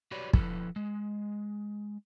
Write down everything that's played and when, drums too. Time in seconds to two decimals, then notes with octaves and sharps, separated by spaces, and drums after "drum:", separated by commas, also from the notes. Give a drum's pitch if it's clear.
0.11 F#4 G4 B4 C#5 D5
0.33 F3 E4 A4 B4, drum: kick
0.76 G#3